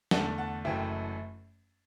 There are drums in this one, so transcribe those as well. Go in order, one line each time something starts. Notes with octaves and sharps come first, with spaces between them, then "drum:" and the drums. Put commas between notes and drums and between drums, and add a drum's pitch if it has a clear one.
E2 D3 A3 F#5 A5, drum: snare
F#5 A5
F#1 F#2 E3 A3 E5 G5